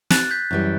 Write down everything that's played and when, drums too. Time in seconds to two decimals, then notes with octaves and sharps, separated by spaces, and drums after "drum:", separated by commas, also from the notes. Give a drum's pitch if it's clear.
0.10 F#6 A6, drum: snare
0.31 G6 B6
0.51 F#2 E3 G3